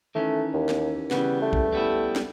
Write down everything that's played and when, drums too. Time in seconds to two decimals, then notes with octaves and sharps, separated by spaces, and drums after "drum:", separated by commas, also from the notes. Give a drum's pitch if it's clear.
0.15 D#3 E3 A3 C#4
0.54 D#2
0.69 drum: snare
1.11 C#3 E3 G3 B3, drum: snare
1.42 A3
1.53 drum: kick B1
1.72 G3 B3 E4
2.16 drum: snare